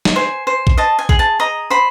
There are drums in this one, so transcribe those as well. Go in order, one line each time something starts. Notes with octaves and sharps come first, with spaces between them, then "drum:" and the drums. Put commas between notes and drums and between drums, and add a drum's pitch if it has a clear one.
drum: snare
C5 G#5
C5
drum: kick A#1
D#5 A5
G#5
G#4, drum: kick A#1
A5
D#5 A#5
C5 B5